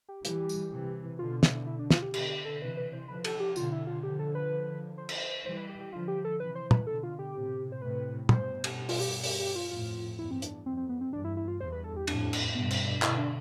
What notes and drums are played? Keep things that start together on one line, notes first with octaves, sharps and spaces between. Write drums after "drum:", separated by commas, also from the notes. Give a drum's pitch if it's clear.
G4
E3 G3 G4, drum: hi-hat
drum: tambourine
C3 E3
B2 D3 F4
E4, drum: snare
E4
D4
F4, drum: snare
G4
B2 D3 G4, drum: cymbal
G4
A4
C3 E3 B4
B4
C5
D3 F3 B4
A4, drum: cymbal
G4
B2 D3 F4, drum: tambourine
E4
F4
D3 F3 G4
A4
B4
C5
drum: cymbal
E3 G3 C5
B4
G4
G4
D3 F3 F4
G4
A4
C3 E3 B4
C5
B4, drum: tom
B2 D3 A4
F4
G4
A2 C3
C5
A2 C3 B4
G2 B2 C5, drum: tom
drum: cymbal
F4, drum: open hi-hat
G4
G4, drum: open hi-hat
G4
F4
F2 A2 F4
E2 G2 E4
C4
D4, drum: hi-hat
F2 C4
C4
B3
C4
E2 G2 D4
E4
E4
F4
E2 G2 C5
B4
A4
G4
F2 A2 D4, drum: cymbal
drum: cymbal
G2 B2 B3
C4, drum: cymbal
D4
B2 D3 E4, drum: clap
D4